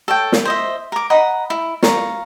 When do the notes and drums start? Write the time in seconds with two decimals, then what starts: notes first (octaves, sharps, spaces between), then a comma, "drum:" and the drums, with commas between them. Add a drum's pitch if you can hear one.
0.08 A4 C#5 G5
0.32 drum: snare
0.45 C5 D#5 E5
0.92 A#4 D6
1.10 D#5 F#5 A#5 B5
1.50 E4
1.83 F5 A#5 C#6, drum: snare